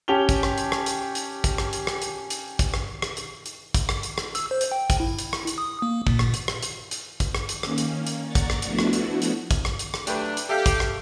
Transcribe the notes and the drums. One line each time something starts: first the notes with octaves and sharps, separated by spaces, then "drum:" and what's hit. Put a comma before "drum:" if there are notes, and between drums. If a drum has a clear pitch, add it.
C#4 G4 A5 F7 G7
drum: kick, hi-hat
drum: rim click
drum: hi-hat
drum: rim click
drum: hi-hat
drum: hi-hat
drum: kick, hi-hat
drum: rim click
drum: hi-hat
drum: rim click
drum: hi-hat
drum: hi-hat
drum: kick, hi-hat
drum: rim click
drum: rim click
drum: hi-hat
drum: hi-hat
drum: kick, hi-hat
drum: rim click
drum: hi-hat
drum: rim click
E6, drum: hi-hat
C5
drum: hi-hat
G5
drum: kick, hi-hat
E4
drum: hi-hat
drum: rim click
drum: hi-hat
D#6
A#3
A#2, drum: kick
drum: rim click
drum: hi-hat
drum: rim click
drum: hi-hat
drum: hi-hat
drum: kick, hi-hat
drum: rim click
drum: hi-hat
D#3 A#3 C#4, drum: rim click
drum: hi-hat
drum: hi-hat
D5 F#5 A#5 C#6 A6
drum: kick, hi-hat
drum: rim click
F3 A3 B3 D4 E4 F#4, drum: hi-hat
drum: rim click
drum: hi-hat
drum: hi-hat
drum: kick, hi-hat
drum: rim click
drum: hi-hat
drum: rim click
F#3 A3 D4 G4 B4, drum: hi-hat
drum: hi-hat
G4 A4 E5 F5
drum: kick, hi-hat
drum: rim click